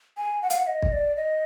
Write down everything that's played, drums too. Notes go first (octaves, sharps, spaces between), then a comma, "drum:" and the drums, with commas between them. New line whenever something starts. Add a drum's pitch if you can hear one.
G#5
F#5
F5, drum: hi-hat
F#5
D#5
drum: kick B1
D5
D#5